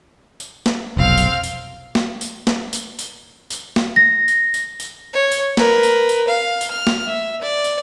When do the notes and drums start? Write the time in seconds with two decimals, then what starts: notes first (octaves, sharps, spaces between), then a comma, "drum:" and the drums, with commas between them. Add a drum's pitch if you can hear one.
0.40 drum: tambourine
0.66 drum: snare
0.97 F1 B1 C4 F5 F6
1.18 drum: tambourine
1.43 drum: tambourine
1.95 drum: snare
2.21 drum: tambourine
2.47 drum: snare
2.73 drum: tambourine
2.99 drum: tambourine
3.50 drum: tambourine
3.76 drum: snare
3.96 A#6
4.28 drum: tambourine
4.54 drum: tambourine
4.80 drum: tambourine
5.13 C#5
5.31 drum: tambourine
5.57 A#4 B4, drum: snare
5.83 drum: tambourine
6.09 drum: tambourine
6.28 F5
6.61 drum: tambourine
6.71 F6
6.87 drum: snare
7.06 E5
7.42 D5
7.64 drum: tambourine